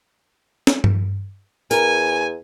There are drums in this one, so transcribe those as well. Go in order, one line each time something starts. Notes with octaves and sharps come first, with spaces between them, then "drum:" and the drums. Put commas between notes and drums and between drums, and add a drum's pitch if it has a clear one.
drum: snare
drum: tom G2
E2 A#4 G#5, drum: tambourine